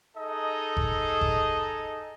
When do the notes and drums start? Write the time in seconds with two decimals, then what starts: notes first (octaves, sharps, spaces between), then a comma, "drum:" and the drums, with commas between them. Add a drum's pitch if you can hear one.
0.17 D#4 G#4 A4 D#5
0.77 drum: kick F#1
1.21 drum: kick F#1